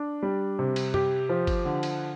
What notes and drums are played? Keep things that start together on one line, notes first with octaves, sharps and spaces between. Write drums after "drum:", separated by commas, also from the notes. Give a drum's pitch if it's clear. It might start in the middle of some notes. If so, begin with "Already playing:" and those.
Already playing: D4
G3
C3
drum: cymbal
G4, drum: tom
F3
drum: kick G1, cymbal
D3
drum: cymbal